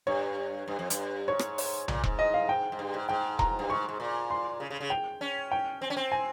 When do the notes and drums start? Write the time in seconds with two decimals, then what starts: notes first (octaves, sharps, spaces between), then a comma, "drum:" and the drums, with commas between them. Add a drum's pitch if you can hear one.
0.07 G2 C#5
0.68 G2
0.79 F2
0.90 G2, drum: hi-hat
1.28 G#2 C#5
1.39 drum: rim click
1.58 drum: open hi-hat
1.88 A#2, drum: tom B1
2.04 G#2, drum: kick E1
2.19 D#5
2.34 F5
2.49 G5
2.72 G#2
2.79 G2
2.94 G#2
3.09 G#2 G5
3.39 A#5, drum: kick E1
3.59 G2
3.70 G#2 C#6
3.89 G#2
4.00 A#2
4.30 C6
4.60 C#3
4.70 C#3
4.81 C#3
4.90 G5
5.21 C#4
5.52 G5
5.82 C4
5.90 C#4
5.97 C4
6.12 G#5